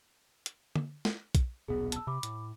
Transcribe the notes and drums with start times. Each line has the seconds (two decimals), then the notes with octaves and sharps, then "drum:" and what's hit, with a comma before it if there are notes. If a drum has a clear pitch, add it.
0.46 drum: hi-hat
0.76 drum: tom
1.05 drum: snare
1.35 drum: kick, hi-hat
1.68 D#1 B1 B3 G#4
1.92 A5 E6, drum: hi-hat
2.07 C3 B5 D6
2.23 A2, drum: hi-hat